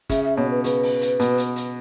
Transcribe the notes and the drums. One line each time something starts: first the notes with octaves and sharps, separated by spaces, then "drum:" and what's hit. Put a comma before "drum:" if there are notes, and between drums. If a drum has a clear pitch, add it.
C#3 E5, drum: kick, hi-hat
E5
B2 C#5
B4
C#3 B4, drum: hi-hat
drum: open hi-hat
drum: hi-hat
B2, drum: hi-hat
drum: hi-hat
drum: hi-hat